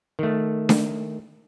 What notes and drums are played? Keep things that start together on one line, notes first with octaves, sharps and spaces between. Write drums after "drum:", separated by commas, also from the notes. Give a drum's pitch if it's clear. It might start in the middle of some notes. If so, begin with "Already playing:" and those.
D#3 A3
drum: snare D4